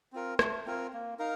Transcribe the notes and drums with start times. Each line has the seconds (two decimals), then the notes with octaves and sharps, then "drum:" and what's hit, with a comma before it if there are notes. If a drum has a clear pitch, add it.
0.13 C4 F4 A#4
0.39 A3, drum: rim click
0.66 C4 F4 A#4
0.93 A#3
1.19 D#4 A#4 F5